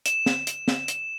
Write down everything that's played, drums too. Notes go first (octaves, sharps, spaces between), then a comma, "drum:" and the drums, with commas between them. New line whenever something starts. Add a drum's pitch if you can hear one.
E7, drum: hi-hat
drum: snare
drum: hi-hat
drum: snare
drum: hi-hat